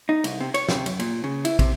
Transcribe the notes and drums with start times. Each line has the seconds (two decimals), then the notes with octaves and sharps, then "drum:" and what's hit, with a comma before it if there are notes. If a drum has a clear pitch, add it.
0.09 D#4
0.24 C2, drum: cymbal
0.40 C3
0.54 C#5, drum: cymbal
0.69 C3, drum: snare
0.86 F#2, drum: cymbal
0.99 A#2, drum: cymbal
1.24 C#3
1.45 E4, drum: cymbal
1.59 C3, drum: kick, cymbal